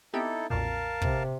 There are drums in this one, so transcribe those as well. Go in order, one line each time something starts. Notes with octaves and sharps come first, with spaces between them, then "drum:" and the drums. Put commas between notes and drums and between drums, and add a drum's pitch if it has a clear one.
B3 C4 D#4 E4 G4 A4
B1 F2 A#2 A#4 F5 A5
C3, drum: kick